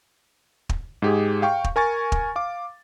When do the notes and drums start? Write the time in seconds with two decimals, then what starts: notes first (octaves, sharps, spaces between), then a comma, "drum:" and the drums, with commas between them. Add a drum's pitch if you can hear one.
0.69 drum: kick
1.02 G#2 G4 G#4
1.42 F5 G5 C#6
1.64 drum: kick
1.76 A#4 G#5 C#6 A6
2.12 drum: kick
2.36 F5 D6